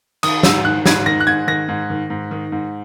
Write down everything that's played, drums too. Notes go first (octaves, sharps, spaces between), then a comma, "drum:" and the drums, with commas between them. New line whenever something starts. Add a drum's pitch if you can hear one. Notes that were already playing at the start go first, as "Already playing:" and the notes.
D#3 D#6, drum: cymbal
G#2 E6, drum: snare
D#3 F#6
G#2 G#6, drum: snare
D#3 A#6
F#6
G#2 G#6
D#3 A#6
G#2
D#3
G#2
D#3
G#2